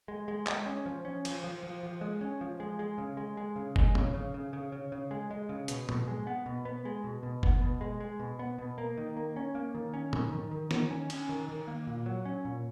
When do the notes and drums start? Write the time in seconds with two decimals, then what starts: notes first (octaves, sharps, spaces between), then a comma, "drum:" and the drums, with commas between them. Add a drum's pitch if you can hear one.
0.08 G#3
0.28 G#3
0.47 G#3, drum: clap
0.66 C#4
0.86 F3
1.05 C#4
1.25 F3, drum: cymbal
1.44 F3
1.63 F3
1.83 F3
2.01 G#3
2.21 C#4
2.41 F3
2.60 G#3
2.79 G#3
2.98 C#3
3.17 G#3
3.37 G#3
3.56 C#3
3.76 G#3, drum: kick F#1
3.95 C#3, drum: tom
4.14 C#3
4.34 C#3
4.53 C#3
4.72 C#3
4.92 C#3
5.11 G#3
5.31 G#3
5.49 C#3
5.68 B2, drum: hi-hat
5.89 B2, drum: tom
6.08 G#3
6.27 B3
6.46 B2
6.65 B3
6.85 G#3
7.04 B2
7.23 B2
7.43 B3, drum: kick F#1
7.61 B2
7.81 G#3
8.00 G#3
8.19 B2
8.39 B3
8.58 B2
8.78 A#3
8.97 D#3
9.17 A#3
9.36 C#4
9.55 A#3
9.75 D#3
9.94 C#4
10.13 D#3, drum: tom
10.33 D#3
10.51 D#3
10.71 D#3, drum: snare
10.91 C#4
11.10 C#4, drum: cymbal
11.29 D#3
11.49 D#3
11.67 A#3
11.87 A#2
12.06 F#3
12.26 C#4
12.45 A#2